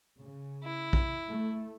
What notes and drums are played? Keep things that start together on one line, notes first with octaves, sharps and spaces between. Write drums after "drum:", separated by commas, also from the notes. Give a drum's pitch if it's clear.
C#3
E4
drum: kick A#1
A3